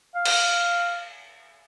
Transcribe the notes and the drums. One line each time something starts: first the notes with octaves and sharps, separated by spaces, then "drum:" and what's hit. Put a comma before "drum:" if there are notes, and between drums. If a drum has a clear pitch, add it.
F5
drum: cymbal